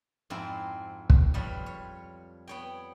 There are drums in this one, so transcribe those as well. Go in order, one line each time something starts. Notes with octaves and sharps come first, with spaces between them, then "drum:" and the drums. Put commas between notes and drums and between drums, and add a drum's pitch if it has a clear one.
F2 G#2 C4 E4
drum: kick
F2 G3 B4 C#5
C#5
B3 C#5 G5